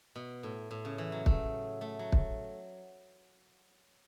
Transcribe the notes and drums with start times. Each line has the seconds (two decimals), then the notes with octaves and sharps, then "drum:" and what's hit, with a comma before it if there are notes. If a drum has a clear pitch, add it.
0.16 B2
0.43 A2
0.71 A2
0.85 C#3
0.98 E3
1.12 F#3
1.26 A3, drum: kick
1.81 A3
1.99 F#3
2.12 drum: kick